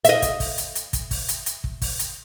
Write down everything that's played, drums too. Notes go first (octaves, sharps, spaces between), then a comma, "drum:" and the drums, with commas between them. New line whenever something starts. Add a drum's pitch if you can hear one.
D#5 E5, drum: hi-hat
drum: kick, hi-hat
drum: kick, open hi-hat
drum: hi-hat
drum: hi-hat
drum: kick, hi-hat
drum: kick, open hi-hat
drum: hi-hat
drum: hi-hat
drum: kick
drum: kick, open hi-hat
drum: hi-hat